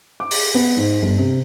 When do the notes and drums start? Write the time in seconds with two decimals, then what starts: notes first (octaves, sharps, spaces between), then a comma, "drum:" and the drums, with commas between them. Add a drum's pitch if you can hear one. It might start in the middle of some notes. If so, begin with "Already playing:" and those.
0.20 D6
0.31 drum: open hi-hat
0.54 B3
0.76 G#2
1.02 G1
1.18 C3